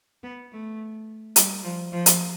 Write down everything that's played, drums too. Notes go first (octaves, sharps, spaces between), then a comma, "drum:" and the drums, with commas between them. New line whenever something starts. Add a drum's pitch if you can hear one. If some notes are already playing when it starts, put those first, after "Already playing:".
B3
A3
G3, drum: hi-hat
F3
F3
drum: hi-hat